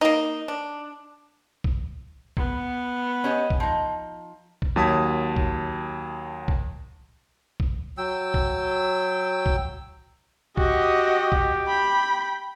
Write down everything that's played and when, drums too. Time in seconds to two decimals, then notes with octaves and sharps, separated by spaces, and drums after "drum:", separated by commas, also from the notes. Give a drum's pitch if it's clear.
0.01 A#3 D#4
0.48 D4
1.64 drum: kick A#1
2.37 B3, drum: kick A#1
3.24 C#4 G4 D#5
3.50 drum: kick A#1
3.60 F3 D#4
4.62 drum: kick A#1
4.76 D#2 F#3 A5 D#6 G#6 B6
5.36 drum: kick A#1
6.48 drum: kick A#1
7.60 drum: kick A#1
7.98 F#3 G5 E6
8.34 drum: kick A#1
9.46 drum: kick A#1
10.57 F#4 G4 D#5, drum: kick A#1
11.32 drum: kick A#1
11.66 G5 B5